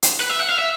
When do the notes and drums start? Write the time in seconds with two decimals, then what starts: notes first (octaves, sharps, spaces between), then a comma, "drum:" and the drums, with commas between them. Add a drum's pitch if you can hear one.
0.03 drum: hi-hat
0.21 B4
0.30 E5
0.39 F#5
0.49 F5
0.59 E5